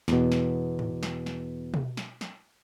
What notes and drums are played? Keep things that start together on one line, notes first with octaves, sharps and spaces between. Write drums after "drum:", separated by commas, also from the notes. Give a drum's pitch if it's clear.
E2 B2, drum: snare
drum: snare
drum: tom G#2
drum: snare
drum: snare
drum: tom B2
drum: snare
drum: snare